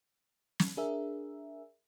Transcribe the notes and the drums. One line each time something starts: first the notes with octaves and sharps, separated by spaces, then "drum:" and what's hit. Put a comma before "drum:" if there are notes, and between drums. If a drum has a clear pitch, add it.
drum: snare
D4 G#4 A#4 E5